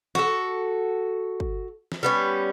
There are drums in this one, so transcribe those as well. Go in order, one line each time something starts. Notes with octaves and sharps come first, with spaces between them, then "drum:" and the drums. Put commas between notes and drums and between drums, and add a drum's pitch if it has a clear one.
F#4 A4, drum: snare
drum: kick
drum: snare
G3 B3 C#4